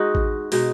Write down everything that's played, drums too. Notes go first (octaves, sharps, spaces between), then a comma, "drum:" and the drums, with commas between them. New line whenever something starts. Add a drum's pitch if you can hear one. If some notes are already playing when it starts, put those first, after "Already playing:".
Already playing: G#3 D#4 F#4
drum: kick A1
B2 G#3 D#4, drum: open hi-hat